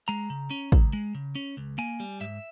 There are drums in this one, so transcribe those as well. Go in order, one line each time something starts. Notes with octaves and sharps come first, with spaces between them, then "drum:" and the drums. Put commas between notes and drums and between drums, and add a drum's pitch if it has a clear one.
G#3 A#5
C#3
C#4
C#2, drum: kick
G#3
C#3
C#4
C#2
A#3 G#5
G3
G#2 E5